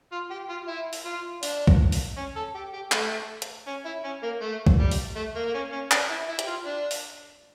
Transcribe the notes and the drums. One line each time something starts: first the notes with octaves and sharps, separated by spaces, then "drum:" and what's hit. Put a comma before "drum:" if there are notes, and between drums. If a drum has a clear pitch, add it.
F4
G4
F4
E4
drum: open hi-hat
F4
D4, drum: open hi-hat
drum: kick
drum: open hi-hat
C#4
A4
G4
G4
A3, drum: clap
drum: hi-hat
C#4
E4
C#4
A#3
A3
drum: kick
G3
drum: open hi-hat
A3
A#3
A#3
C#4
C#4
D4, drum: clap
E4
E4
G4, drum: hi-hat
F4
D4
drum: open hi-hat